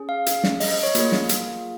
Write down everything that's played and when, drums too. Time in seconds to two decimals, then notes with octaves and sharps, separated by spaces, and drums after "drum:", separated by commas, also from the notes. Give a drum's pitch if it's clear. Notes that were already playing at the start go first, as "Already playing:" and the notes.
Already playing: C#4 G#4
0.09 F5
0.26 drum: hi-hat
0.44 drum: snare
0.60 D#5, drum: open hi-hat
0.72 D#5
0.83 C#5
0.95 A#3 F4 G#4, drum: hi-hat
1.12 drum: snare
1.29 drum: hi-hat